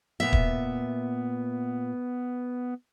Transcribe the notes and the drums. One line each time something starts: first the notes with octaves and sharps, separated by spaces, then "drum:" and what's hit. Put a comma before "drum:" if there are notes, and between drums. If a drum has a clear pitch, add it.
A#2 B3 E5
drum: kick